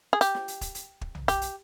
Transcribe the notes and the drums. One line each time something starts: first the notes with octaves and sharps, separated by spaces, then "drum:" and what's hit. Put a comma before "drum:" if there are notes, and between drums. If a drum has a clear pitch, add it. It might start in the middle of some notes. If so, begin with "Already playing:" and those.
G#4
G4, drum: hi-hat
drum: snare
drum: hi-hat
drum: kick, hi-hat
drum: hi-hat
drum: kick
drum: tom B1
G4, drum: kick, hi-hat
drum: hi-hat